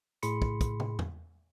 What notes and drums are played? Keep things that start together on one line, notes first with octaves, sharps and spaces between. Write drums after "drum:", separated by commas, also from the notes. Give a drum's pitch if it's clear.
A2 G#4 B5 C6 C#7, drum: hi-hat
drum: kick
drum: kick, hi-hat
drum: tom
drum: tom E2